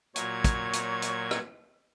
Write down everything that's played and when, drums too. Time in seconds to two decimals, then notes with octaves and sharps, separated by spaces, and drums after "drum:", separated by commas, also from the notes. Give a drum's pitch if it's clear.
0.16 A#2 F#3 C#5 G#6, drum: hi-hat
0.44 drum: kick, hi-hat
0.73 drum: hi-hat
1.02 drum: hi-hat
1.31 drum: rim click